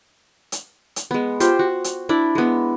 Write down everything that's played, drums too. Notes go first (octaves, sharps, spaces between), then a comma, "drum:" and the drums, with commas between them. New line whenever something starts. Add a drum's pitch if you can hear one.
drum: hi-hat
drum: hi-hat
G#3 B3
F4 G4 C5, drum: hi-hat
F#4
drum: hi-hat
D4 E4 D5
G#3 B3